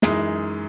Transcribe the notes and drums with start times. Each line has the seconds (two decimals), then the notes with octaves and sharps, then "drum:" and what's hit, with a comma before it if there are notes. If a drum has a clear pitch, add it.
0.02 F#2 E3 G#3 D#4, drum: snare